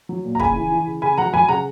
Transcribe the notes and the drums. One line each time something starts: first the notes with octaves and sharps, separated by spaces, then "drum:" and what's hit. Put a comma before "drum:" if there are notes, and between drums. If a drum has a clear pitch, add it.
F#3
A#2
A#5
C#3 G#5 B5, drum: kick
E3
E3
C#3
C#3 G#5 B5
F#3 F#5 A#5
F#3 G#5 B5
C#3 F#5 A#5